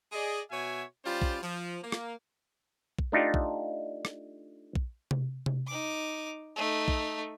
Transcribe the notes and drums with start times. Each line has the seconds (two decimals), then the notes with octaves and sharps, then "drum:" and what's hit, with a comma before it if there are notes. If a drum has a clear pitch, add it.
0.12 G#4 D5 D#5
0.51 B2 F#4 C#5 E5 G#5
1.04 G3 C#4 F4 G4 C5 D5
1.22 drum: kick
1.42 F3
1.83 A#3
1.92 drum: rim click
2.99 drum: kick
3.12 A3 D4 D#4 F4 G4
3.34 drum: kick
4.05 drum: rim click
4.75 drum: kick
5.11 drum: tom C3
5.46 drum: tom C3
5.67 D#4 D6
6.57 A3 D#4
6.88 drum: kick